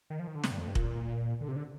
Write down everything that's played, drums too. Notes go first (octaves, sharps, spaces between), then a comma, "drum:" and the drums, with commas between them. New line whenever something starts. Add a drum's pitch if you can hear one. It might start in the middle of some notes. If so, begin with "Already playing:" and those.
D#3
F3
D#3
D3
C3, drum: snare
G2
F2
G2
A#2, drum: kick
D3
C3
D3